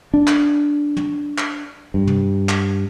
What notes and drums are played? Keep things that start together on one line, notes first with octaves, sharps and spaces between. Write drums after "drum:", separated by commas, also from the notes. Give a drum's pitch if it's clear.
D4
drum: clap
drum: tom
drum: clap
G2
drum: tom
drum: clap